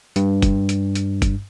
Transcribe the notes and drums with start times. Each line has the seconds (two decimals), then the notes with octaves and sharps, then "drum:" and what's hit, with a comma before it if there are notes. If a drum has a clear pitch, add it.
0.16 G2, drum: hi-hat
0.42 drum: kick, hi-hat
0.69 drum: hi-hat
0.95 drum: hi-hat
1.22 drum: kick, hi-hat